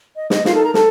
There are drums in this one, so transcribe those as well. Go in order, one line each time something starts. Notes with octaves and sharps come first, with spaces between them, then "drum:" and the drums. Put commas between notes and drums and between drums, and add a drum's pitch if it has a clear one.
D#5
D#5, drum: snare
D#4 F4 A#4 F5, drum: snare
A4 A5
A#4 A#5
A4 A5, drum: snare